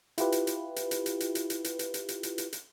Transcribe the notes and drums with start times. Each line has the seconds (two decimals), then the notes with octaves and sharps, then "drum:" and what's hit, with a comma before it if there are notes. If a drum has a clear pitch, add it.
0.18 E4 F4 G4 B4, drum: hi-hat
0.32 drum: hi-hat
0.47 drum: hi-hat
0.76 drum: hi-hat
0.91 drum: hi-hat
1.06 drum: hi-hat
1.20 drum: hi-hat
1.35 drum: hi-hat
1.50 drum: hi-hat
1.64 drum: hi-hat
1.79 drum: hi-hat
1.94 drum: hi-hat
2.09 drum: hi-hat
2.23 drum: hi-hat
2.38 drum: hi-hat
2.53 drum: hi-hat